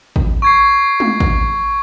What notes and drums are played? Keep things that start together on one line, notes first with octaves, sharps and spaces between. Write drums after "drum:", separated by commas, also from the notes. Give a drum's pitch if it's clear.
drum: kick G#1
C#6 G#6 C7
drum: tom G#3
drum: kick G#1